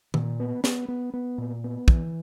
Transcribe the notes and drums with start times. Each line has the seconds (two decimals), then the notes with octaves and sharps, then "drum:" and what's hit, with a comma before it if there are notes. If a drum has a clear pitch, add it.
0.14 A#2, drum: tom D#3
0.40 B3
0.64 B3, drum: snare
0.88 B3
1.14 B3
1.38 A#2
1.64 B3
1.88 E3, drum: kick